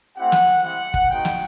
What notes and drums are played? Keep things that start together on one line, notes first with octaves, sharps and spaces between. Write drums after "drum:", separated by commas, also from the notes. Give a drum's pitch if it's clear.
A3 C4 E4 G4 F#5
drum: snare
C4 E4 G4 F#5
drum: kick
G#3 B3 D#4 F#4 G5
drum: snare